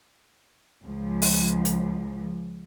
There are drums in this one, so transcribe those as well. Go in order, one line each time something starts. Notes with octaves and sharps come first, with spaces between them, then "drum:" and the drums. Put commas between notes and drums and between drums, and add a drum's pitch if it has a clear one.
C#2 F3
drum: open hi-hat
drum: hi-hat